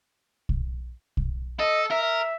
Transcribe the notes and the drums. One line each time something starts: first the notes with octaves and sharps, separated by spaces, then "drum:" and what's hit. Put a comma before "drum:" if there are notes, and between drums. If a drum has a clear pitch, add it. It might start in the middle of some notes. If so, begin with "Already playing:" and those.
drum: kick
drum: kick
A4 D#5
A#4 E5
E5